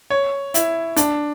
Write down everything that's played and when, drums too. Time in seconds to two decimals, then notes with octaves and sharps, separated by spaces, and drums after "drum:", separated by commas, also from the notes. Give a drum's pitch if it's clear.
0.10 C#5
0.54 E4, drum: hi-hat
0.97 D4, drum: hi-hat